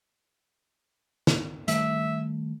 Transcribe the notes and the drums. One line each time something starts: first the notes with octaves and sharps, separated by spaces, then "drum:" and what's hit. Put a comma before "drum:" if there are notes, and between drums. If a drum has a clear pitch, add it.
drum: snare
D#3 G3 A3 E5, drum: hi-hat